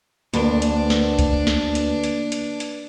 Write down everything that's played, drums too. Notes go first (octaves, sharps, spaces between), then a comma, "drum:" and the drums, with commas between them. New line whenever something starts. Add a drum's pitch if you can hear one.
D2 A#3 D4 B4 A5, drum: hi-hat
drum: hi-hat
drum: snare
drum: kick C2, hi-hat
drum: snare
drum: hi-hat
drum: hi-hat
drum: hi-hat
drum: hi-hat